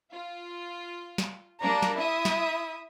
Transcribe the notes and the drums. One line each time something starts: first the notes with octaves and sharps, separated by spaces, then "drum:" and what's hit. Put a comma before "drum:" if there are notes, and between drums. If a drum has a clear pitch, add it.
F4
drum: snare
G3 A#3 D4 A#5
drum: snare
E4 E5 D#6
drum: snare